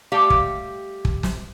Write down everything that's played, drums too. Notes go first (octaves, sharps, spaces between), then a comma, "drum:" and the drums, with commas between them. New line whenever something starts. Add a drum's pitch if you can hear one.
G3 A3 G4 F5
drum: kick
drum: kick
drum: snare